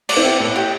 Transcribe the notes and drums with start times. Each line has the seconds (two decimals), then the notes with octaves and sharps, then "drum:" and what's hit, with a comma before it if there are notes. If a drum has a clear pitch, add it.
0.09 D5, drum: cymbal
0.17 C4 E4
0.24 G4
0.40 A2
0.56 G4